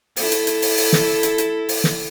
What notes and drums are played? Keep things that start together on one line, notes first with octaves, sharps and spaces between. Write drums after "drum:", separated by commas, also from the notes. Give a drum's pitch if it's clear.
E4 A4, drum: open hi-hat
drum: hi-hat
drum: hi-hat
drum: open hi-hat
drum: open hi-hat
drum: snare
drum: hi-hat
drum: hi-hat
drum: open hi-hat
drum: snare